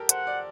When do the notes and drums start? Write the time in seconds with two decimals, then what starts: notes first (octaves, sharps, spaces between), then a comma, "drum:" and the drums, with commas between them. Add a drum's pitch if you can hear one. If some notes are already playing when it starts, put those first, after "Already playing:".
Already playing: G4 A4 A#4
0.09 C5 F#5, drum: hi-hat
0.27 D5